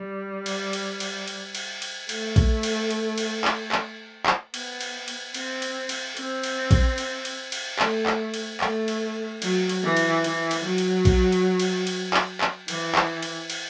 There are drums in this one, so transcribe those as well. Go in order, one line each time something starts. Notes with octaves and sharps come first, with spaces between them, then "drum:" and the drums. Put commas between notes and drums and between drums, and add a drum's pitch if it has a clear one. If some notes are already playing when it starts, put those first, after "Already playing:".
Already playing: G3
drum: cymbal
drum: cymbal
drum: cymbal
drum: cymbal
drum: cymbal
drum: cymbal
A3, drum: cymbal
drum: kick, cymbal
drum: cymbal
drum: cymbal
drum: cymbal
drum: clap
drum: clap
drum: clap
B3, drum: cymbal
drum: cymbal
drum: cymbal
C4, drum: cymbal
drum: cymbal
drum: cymbal
C4, drum: cymbal
drum: cymbal
drum: kick, cymbal
drum: cymbal
drum: cymbal
drum: cymbal
A3, drum: clap
drum: clap
drum: cymbal
A3, drum: clap
drum: cymbal
F#3, drum: cymbal
drum: cymbal
E3
drum: cymbal
E3, drum: cymbal
drum: cymbal
F#3
drum: cymbal
drum: kick, cymbal
drum: cymbal
drum: cymbal
drum: cymbal
drum: clap
drum: clap
E3, drum: cymbal
drum: clap
drum: cymbal
drum: cymbal